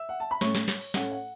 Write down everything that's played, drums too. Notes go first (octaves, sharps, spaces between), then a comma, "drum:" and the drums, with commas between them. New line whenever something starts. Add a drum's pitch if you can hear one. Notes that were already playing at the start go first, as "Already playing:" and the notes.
Already playing: E5 E6
F#5
A5
B5
A2 A3 C#4 C#5 C#6, drum: snare
drum: snare
drum: snare
drum: cymbal
A2 A3 C#4 F#5, drum: snare
F#5